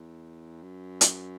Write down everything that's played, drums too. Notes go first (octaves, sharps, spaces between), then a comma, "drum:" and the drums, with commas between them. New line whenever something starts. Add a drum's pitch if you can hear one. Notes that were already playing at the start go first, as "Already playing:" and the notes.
Already playing: E2
F#2
drum: hi-hat